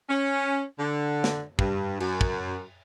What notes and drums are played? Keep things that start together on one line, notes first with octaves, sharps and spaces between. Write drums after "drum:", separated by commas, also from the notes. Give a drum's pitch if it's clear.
C#4
D3
drum: snare
G2, drum: kick
F#2, drum: cymbal
drum: kick